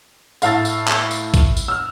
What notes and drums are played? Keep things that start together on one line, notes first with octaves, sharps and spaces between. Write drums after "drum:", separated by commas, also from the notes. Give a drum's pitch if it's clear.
A2 F5 A5 E6 A6, drum: tambourine
drum: tambourine
drum: clap
drum: tambourine
drum: kick, tambourine
drum: tambourine
E6 F6